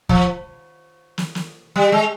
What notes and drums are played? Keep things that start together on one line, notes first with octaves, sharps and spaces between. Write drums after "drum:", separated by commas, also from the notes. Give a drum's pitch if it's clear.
F3, drum: kick
drum: snare
drum: snare
G3
G#3